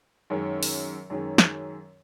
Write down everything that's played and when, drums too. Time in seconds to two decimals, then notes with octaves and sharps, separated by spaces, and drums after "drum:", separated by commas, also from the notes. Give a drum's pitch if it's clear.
0.30 F#2 D#3 G#3 C#4
0.63 drum: open hi-hat
1.10 F#2 D#3 G#3 C#4
1.38 drum: snare